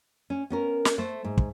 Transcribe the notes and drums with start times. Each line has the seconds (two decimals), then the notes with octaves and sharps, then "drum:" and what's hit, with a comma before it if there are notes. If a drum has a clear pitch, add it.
0.30 C#4
0.50 B3 C#4 A#4
0.85 drum: snare
0.98 A3 A4 C5
1.24 G#2
1.37 drum: kick